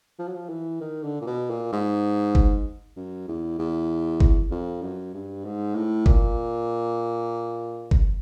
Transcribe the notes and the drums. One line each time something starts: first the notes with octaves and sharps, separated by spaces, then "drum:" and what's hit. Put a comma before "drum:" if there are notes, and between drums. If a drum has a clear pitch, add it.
F3
F#3
F3
E3
D#3
D3
A#2
B2
A#2
G#2
drum: kick G1
F#2
E2
E2
drum: kick G1
F2
F#2
G2
G#2
A2
A#2, drum: kick G1
drum: kick G1